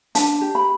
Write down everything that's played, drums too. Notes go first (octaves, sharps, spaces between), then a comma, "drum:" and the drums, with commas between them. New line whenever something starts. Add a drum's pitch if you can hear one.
D4 A5, drum: hi-hat
G4
B5